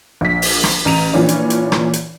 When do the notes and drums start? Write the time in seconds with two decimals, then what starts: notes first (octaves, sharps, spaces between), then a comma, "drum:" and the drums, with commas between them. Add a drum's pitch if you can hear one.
0.21 A#1 B6
0.42 drum: open hi-hat
0.64 drum: rim click
0.85 A1 A#5 D#7 F7
1.13 A#2 E3 F3 C#4 D4
1.29 drum: hi-hat
1.50 drum: hi-hat
1.72 drum: rim click
1.93 drum: hi-hat